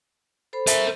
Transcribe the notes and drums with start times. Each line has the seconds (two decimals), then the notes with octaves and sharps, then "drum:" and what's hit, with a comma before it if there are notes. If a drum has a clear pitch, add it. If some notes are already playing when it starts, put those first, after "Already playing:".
0.53 A4 C5 B5
0.67 A#4 E5, drum: hi-hat